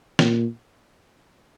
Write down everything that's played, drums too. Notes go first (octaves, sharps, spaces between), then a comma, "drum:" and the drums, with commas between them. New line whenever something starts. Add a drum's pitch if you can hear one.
A#2, drum: snare